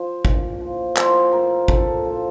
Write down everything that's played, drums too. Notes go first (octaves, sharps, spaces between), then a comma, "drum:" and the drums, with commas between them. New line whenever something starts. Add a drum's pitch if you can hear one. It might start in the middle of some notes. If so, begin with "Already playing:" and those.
Already playing: F3 C5
A#2, drum: kick G#1
F3
F3 C5, drum: clap
A#2 A#4
A#2 A4, drum: kick G#1
F3